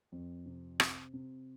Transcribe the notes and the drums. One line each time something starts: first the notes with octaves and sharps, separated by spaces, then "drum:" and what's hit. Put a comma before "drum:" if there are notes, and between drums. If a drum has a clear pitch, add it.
F2
C3
C3, drum: rim click
C3